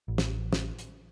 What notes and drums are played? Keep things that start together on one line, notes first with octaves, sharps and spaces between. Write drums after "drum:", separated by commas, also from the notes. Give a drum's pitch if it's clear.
A1
drum: snare
drum: snare
drum: hi-hat